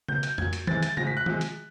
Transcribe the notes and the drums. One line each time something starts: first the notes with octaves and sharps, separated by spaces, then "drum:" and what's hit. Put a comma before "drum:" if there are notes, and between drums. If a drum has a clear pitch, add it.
B2 F#3 G6, drum: tom C#3
G6, drum: hi-hat
A#2 F#3 G#6, drum: tom F2
drum: hi-hat
C3 E3 G#3 A6, drum: tom D#3
A6, drum: hi-hat
A2 F3 G#3 A#6, drum: tom C#3
B6
F#6
C3 F3 G#3, drum: tom D#3
drum: hi-hat